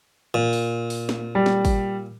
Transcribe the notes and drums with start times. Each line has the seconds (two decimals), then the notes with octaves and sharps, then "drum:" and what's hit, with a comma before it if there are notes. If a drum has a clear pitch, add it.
0.34 A#2
0.53 drum: open hi-hat
0.90 drum: open hi-hat
1.09 drum: snare
1.35 G3
1.46 drum: snare
1.65 drum: kick, open hi-hat